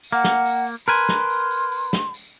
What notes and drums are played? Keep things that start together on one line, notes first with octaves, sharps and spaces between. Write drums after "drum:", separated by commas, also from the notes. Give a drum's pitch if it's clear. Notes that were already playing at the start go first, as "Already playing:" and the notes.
drum: tambourine
A#3 F#5
drum: snare
drum: tambourine
drum: tambourine
A#4 B4 G#5 C6, drum: tambourine
drum: snare
drum: tambourine
drum: tambourine
drum: tambourine
drum: snare
drum: tambourine